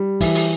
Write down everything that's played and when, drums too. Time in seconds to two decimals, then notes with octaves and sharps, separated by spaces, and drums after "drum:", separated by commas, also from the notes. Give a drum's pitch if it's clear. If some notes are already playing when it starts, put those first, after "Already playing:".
Already playing: G3
0.21 E3 E5, drum: kick, open hi-hat
0.35 drum: open hi-hat